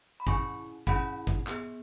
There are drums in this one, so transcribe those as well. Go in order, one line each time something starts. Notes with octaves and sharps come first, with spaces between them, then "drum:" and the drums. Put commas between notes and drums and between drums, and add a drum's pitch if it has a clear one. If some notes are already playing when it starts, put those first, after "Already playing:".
B5
C#4 E4 G#4 G#5 C#6, drum: kick
C#4 E4 G#4 F#5 B5, drum: kick
drum: kick
B3 G#4, drum: clap